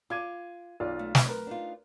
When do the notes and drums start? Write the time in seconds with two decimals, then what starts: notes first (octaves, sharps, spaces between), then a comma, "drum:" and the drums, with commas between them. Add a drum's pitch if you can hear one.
0.10 F4 D6 G#6 D#7
0.80 B1 F4 D5
0.99 A3
1.15 drum: snare
1.26 A#4 B4
1.47 D4 D#4 F4